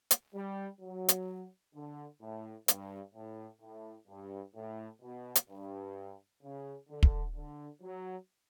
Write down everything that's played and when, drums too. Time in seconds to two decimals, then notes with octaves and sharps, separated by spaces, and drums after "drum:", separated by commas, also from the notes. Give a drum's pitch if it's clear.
0.11 drum: hi-hat
0.35 G3
0.81 F#3
1.09 drum: hi-hat
1.75 D3
2.21 A2
2.68 G2, drum: hi-hat
3.15 A2
3.61 A2
4.08 G2
4.55 A2
5.02 B2
5.35 drum: hi-hat
5.49 G2
6.42 C#3
6.89 D3
7.03 drum: kick
7.35 D3
7.82 F#3